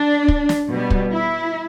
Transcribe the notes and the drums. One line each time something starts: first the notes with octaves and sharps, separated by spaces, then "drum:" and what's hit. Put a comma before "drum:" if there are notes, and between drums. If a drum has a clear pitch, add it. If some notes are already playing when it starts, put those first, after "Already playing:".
Already playing: D4
drum: kick
drum: snare
B2 G3 B3
drum: kick
E4